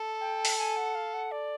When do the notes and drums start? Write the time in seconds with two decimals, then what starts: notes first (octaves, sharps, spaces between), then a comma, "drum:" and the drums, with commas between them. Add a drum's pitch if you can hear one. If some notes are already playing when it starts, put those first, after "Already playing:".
Already playing: A4
0.21 G5
0.45 drum: open hi-hat
0.58 G#5
0.76 F#5
0.95 F5
1.14 F#5
1.31 D5